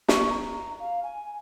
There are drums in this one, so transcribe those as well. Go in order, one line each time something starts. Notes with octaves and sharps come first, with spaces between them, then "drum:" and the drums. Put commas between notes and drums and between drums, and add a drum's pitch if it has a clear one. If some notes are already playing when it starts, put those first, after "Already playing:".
C#6, drum: snare
A#5
F5
G#5